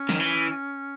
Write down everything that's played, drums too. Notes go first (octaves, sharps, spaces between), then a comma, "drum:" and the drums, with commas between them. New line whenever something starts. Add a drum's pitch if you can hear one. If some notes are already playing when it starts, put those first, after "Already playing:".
Already playing: C#4
D#3, drum: snare
E3